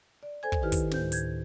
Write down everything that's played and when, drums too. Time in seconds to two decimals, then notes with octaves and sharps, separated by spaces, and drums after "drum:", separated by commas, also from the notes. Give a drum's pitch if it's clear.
0.23 D5
0.43 A4 C5 G#5 G#6
0.52 drum: kick
0.62 D#3 D#4 E4 G4 B4 F6
0.72 drum: kick, hi-hat
0.91 D2 A2 C5 G6, drum: snare
1.12 G6 G#6, drum: hi-hat